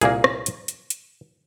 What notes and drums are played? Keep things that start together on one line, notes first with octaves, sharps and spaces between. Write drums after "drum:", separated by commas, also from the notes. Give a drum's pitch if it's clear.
C2 A#2 A#3 G#4, drum: hi-hat
drum: rim click
drum: hi-hat
drum: hi-hat
drum: hi-hat